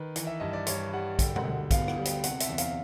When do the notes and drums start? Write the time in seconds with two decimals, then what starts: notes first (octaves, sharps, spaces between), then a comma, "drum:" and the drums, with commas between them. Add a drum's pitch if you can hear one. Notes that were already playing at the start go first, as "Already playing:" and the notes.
Already playing: D#3 B4
0.16 E3, drum: hi-hat
0.27 E5
0.40 G2 D#5
0.53 D5
0.67 G2 C#5, drum: hi-hat
0.93 G3 F#5
1.19 D3 G5, drum: kick, hi-hat
1.36 F#5, drum: tom B2
1.45 D2
1.71 B3 F5, drum: kick, hi-hat
1.88 F#5, drum: rim click
1.98 G3
2.05 G5, drum: hi-hat
2.24 C3 F#5, drum: hi-hat
2.40 E5, drum: hi-hat
2.49 E2
2.58 F5, drum: hi-hat